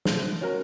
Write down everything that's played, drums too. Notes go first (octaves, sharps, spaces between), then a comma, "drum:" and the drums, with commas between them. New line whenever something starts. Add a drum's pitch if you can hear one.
A3, drum: snare
C#4 F#4 A#4